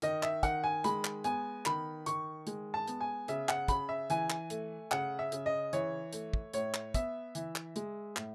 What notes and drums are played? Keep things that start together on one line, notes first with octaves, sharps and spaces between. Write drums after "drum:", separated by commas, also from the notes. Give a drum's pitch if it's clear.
D#3 D#5, drum: hi-hat
E5, drum: clap
D#3 F#5, drum: kick, hi-hat
G#5
G#3 B5, drum: hi-hat
drum: clap
B3 G#5, drum: hi-hat
D#3 B5, drum: clap
D#3 C#6, drum: hi-hat
G#3, drum: hi-hat
A5
B3, drum: hi-hat
G#5
C#3 E5, drum: hi-hat
F#5, drum: clap
C#3 B5, drum: kick, hi-hat
E5
E3 G#5, drum: hi-hat
drum: clap
A3, drum: hi-hat
C#3 F#5, drum: clap
E5
C#3, drum: hi-hat
D#5
E3 C#5, drum: hi-hat
A3, drum: hi-hat
drum: kick
A2 C#5, drum: hi-hat
drum: clap
B3 E5, drum: kick, hi-hat
E3, drum: hi-hat
drum: clap
G#3, drum: hi-hat
A2, drum: clap